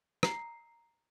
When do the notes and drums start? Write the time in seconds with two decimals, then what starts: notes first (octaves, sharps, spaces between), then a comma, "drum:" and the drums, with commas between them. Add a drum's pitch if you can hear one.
0.23 A#5 C7, drum: rim click